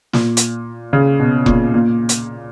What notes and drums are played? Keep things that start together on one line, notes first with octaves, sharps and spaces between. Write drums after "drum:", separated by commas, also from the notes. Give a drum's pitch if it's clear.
A#2, drum: snare
drum: hi-hat
C#3
B2
A#2, drum: kick F1
A#2
drum: hi-hat